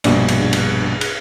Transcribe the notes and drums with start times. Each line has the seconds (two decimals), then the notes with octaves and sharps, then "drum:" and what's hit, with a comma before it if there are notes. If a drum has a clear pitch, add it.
0.04 A#1 G2 B2, drum: cymbal
0.28 drum: cymbal
0.53 drum: cymbal
1.01 drum: cymbal